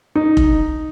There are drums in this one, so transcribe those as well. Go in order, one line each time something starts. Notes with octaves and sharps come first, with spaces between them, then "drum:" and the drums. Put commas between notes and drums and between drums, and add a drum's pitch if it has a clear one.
D#4
drum: kick F1